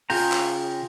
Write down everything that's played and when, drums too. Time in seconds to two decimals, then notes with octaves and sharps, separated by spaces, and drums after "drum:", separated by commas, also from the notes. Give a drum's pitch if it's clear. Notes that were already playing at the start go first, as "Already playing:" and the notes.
0.10 C#3 F4 G#4 G5 A#5, drum: open hi-hat
0.32 drum: clap